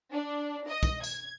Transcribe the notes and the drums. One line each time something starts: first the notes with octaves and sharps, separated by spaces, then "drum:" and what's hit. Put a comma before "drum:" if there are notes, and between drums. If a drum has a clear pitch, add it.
D4
D#5
drum: kick, tambourine
G#6, drum: tambourine